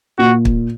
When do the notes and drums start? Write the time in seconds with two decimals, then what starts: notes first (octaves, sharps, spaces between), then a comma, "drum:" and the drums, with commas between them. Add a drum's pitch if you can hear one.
0.18 A#2 F#4
0.45 drum: kick